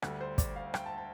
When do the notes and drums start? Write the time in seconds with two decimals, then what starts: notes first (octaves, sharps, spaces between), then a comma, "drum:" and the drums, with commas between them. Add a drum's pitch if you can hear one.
0.02 D2 D3 G3, drum: rim click
0.21 C5
0.38 D5, drum: kick, hi-hat
0.56 F5
0.74 G5, drum: rim click
0.86 A5
0.98 A5